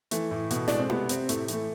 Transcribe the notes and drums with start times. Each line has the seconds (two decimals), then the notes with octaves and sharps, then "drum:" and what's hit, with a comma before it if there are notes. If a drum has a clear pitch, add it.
0.11 E3 A3, drum: hi-hat
0.31 A2
0.51 B2, drum: hi-hat
0.68 G#3 D4, drum: snare
0.79 C4
0.90 C3 B3, drum: tom E4
1.09 C3 C4, drum: hi-hat
1.29 A2 A3, drum: hi-hat
1.48 E3 A3, drum: hi-hat